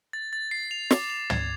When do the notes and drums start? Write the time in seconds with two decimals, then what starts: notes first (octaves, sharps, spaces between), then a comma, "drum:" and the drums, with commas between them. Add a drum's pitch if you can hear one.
0.13 A6
0.33 A6
0.51 C7
0.71 F7
0.91 D6, drum: snare
1.10 F7
1.30 G#6, drum: tom